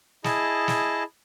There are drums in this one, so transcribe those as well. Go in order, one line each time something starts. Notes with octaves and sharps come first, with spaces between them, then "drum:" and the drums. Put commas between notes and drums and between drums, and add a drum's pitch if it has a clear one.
E4 G#4 D#5 A5, drum: snare
drum: snare